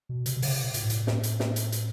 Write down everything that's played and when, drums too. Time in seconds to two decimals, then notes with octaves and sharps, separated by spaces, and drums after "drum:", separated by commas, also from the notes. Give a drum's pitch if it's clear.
0.09 B2
0.26 C3, drum: hi-hat
0.37 C3
0.42 C#3, drum: open hi-hat
0.52 C3
0.64 A#2
0.74 A2, drum: hi-hat
0.81 G#2
0.90 A2, drum: hi-hat
1.07 drum: snare
1.23 drum: hi-hat
1.40 drum: snare
1.56 drum: hi-hat
1.72 drum: hi-hat